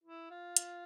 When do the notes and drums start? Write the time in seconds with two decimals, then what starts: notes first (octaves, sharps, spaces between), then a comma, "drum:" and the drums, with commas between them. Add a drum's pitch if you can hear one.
0.04 E4
0.30 F4
0.57 drum: hi-hat